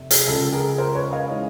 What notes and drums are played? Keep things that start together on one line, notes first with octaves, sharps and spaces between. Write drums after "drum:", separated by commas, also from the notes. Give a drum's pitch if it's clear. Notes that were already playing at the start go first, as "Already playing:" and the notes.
Already playing: F1 C3
G#4, drum: hi-hat
C#2 C#3 F3 A4
G#4 A#4
A#4 C5
B4 C#5
D#5 F5
E3 G#3 C#4